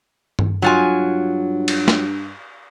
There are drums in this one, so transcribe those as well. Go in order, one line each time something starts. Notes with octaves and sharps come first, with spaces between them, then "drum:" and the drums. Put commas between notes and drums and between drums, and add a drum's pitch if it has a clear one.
drum: tom G2
G2 F#3 F4 G#5
drum: cymbal
drum: snare